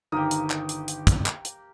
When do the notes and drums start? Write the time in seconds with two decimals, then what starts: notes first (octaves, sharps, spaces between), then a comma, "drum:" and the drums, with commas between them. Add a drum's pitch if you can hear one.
0.12 G1 D#3 A#3 G4 D#6
0.31 drum: hi-hat
0.50 drum: clap
0.69 drum: hi-hat
0.88 drum: hi-hat
1.07 drum: kick, hi-hat
1.26 drum: clap
1.45 drum: hi-hat